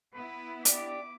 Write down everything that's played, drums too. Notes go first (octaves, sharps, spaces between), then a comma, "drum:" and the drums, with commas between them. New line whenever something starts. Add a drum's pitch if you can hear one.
B3 E4 B4
D4 G4 D5 D6, drum: hi-hat